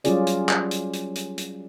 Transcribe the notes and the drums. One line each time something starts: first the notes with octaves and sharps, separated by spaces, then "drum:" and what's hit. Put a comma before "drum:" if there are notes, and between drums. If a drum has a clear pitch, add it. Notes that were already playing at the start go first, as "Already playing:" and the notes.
F#3 G3 C#4 F4 G#4 D5, drum: hi-hat
drum: hi-hat
drum: clap
drum: hi-hat
drum: hi-hat
drum: hi-hat
drum: hi-hat